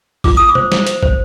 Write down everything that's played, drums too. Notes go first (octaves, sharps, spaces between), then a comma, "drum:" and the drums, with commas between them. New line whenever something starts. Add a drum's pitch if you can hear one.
F4 D6, drum: kick, open hi-hat
F4 D#6
D6
C5, drum: tom B2
C5, drum: snare
C5, drum: hi-hat
C5, drum: kick